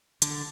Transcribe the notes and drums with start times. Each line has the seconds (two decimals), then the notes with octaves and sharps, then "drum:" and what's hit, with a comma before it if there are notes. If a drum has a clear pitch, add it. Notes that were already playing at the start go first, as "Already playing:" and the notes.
0.22 D3, drum: hi-hat